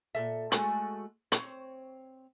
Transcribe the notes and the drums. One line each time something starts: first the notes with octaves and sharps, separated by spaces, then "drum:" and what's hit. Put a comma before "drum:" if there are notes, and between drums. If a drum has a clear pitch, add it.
A#2 A4 E5
G#3 A3 F#4, drum: hi-hat
C4 C#5, drum: hi-hat